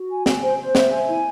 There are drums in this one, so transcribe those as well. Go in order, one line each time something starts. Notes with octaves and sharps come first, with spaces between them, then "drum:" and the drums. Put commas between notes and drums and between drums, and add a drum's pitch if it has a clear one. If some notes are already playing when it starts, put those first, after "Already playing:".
Already playing: F#4
G#5
G#5, drum: snare
C5
C5
E5, drum: snare
G#5
E4